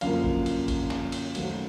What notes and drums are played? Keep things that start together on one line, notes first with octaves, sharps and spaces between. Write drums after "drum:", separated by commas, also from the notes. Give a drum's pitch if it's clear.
F#2 D3 F3 A#3 F5, drum: cymbal
drum: kick
drum: cymbal
drum: kick, cymbal
drum: snare
drum: cymbal
F#2 D#3 F#3 A3 C4, drum: cymbal